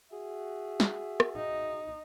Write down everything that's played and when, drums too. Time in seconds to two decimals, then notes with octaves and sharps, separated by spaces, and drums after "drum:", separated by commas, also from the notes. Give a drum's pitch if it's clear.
0.11 F#4 G#4 E5
0.80 drum: snare
1.20 drum: rim click
1.36 D#4